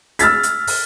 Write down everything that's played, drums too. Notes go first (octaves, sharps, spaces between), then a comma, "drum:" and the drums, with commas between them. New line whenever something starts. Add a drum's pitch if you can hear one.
E6 F6 A6 B6, drum: hi-hat
drum: hi-hat
drum: open hi-hat